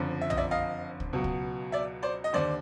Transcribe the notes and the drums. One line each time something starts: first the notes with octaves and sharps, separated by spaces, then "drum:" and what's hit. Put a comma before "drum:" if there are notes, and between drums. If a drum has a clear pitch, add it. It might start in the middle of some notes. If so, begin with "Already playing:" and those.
Already playing: F#1 F2 D3 F3
E5
D#5, drum: tom
D5 E5
D#5 F5
drum: kick
C#2 B2 F#3
drum: kick
D5 E5
C5 D5
D#5
D#2 D3 C5 D5